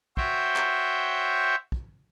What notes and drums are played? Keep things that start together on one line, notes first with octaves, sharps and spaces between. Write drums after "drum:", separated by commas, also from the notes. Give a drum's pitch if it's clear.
F#4 C5 C#5 E5 G5, drum: kick
drum: clap
drum: kick